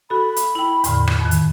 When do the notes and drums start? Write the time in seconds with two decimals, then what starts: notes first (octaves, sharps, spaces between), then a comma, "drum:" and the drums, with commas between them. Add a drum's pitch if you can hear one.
0.10 F#4 A4 B5
0.36 drum: hi-hat
0.55 E4 G5
0.84 E2 A2 D3, drum: hi-hat
1.07 drum: rim click
1.21 F2 D#3
1.31 drum: hi-hat